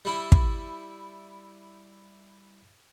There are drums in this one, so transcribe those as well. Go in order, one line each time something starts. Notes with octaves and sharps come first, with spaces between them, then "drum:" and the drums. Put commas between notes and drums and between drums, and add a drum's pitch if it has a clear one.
G3 E4
drum: kick